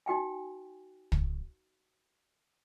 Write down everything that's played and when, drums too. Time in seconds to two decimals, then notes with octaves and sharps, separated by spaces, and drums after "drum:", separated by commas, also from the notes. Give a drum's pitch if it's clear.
0.06 D#4 F#4 G5 G#5
1.12 drum: kick